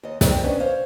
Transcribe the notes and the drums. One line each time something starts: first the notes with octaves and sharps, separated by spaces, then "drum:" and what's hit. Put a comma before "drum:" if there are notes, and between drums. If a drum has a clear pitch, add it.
D#2 D#5
G2 C3 F3 G3 C4 D#4, drum: snare
C3 B3 C#4 D4 D#5 G#5
C5 C#5 F5